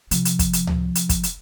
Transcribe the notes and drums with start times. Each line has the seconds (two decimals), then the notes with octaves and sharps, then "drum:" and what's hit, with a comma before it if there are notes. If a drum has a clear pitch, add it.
0.11 C3 F3, drum: hi-hat
0.25 drum: hi-hat
0.39 drum: kick, hi-hat
0.53 drum: hi-hat
0.67 drum: tom C#2
0.95 drum: hi-hat
1.09 drum: kick, hi-hat
1.23 drum: hi-hat